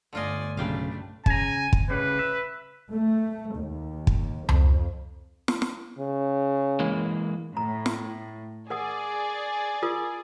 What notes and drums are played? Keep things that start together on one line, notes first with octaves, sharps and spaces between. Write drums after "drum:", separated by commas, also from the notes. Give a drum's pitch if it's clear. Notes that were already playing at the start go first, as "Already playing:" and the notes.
G1 D3 A3 F4 D5 D#5 G#5
B1 C#3 G3 A3 D4 G4 F5
C#3 G#5 A#5, drum: kick
drum: kick
A2 C#3 G3 B4
E5
A3
D#2
drum: kick
F2, drum: tom C#2
drum: snare
drum: snare
C#3
E3 G#3 A#3
A2 A#5
drum: snare
G#4 A#4 D5 F#5 D#6
F4 A#4 D#6